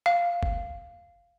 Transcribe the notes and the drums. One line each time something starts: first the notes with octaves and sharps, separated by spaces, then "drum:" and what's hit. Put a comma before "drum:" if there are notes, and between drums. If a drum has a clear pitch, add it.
F5
drum: kick F#1